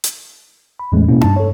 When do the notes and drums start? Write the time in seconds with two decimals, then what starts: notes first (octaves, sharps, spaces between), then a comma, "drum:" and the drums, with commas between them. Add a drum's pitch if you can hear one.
0.04 drum: hi-hat
0.79 B5
0.92 E2 A2 E3 G#3 A3 C#4
1.08 B2 A#3 C#4 E4
1.21 G2 A5, drum: tom D4
1.36 A4 C#5